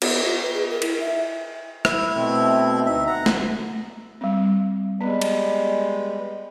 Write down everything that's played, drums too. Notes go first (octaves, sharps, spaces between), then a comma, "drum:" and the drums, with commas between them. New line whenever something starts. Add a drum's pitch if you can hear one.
B3, drum: cymbal
F4
B4
G#4
A#4
E4, drum: cymbal
E5
E4, drum: rim click
B2 A3 C4
D2 D#4 E5
F#5 A#5
drum: snare
G3 C4
G3 G#3 B3 B4
drum: cymbal